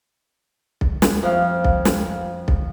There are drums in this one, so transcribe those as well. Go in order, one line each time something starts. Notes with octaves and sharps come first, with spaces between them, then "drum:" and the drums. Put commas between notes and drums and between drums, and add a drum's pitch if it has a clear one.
drum: kick B1
drum: snare
F2 F5
drum: kick B1
drum: snare
drum: kick B1